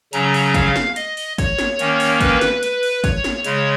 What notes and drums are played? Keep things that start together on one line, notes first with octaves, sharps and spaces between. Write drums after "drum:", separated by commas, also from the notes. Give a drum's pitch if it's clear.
C#3 F#3 C#4 A#5, drum: hi-hat
drum: open hi-hat
F5, drum: kick G#1, hi-hat
drum: snare
D#5, drum: hi-hat
drum: open hi-hat
C#5, drum: kick G#1, hi-hat
drum: snare
D#3 A#3 C#4, drum: hi-hat
drum: open hi-hat
B4, drum: kick G#1, hi-hat
drum: snare
B4, drum: hi-hat
drum: open hi-hat
C#5, drum: kick G#1, hi-hat
drum: snare
C#3 G#3 C#5, drum: hi-hat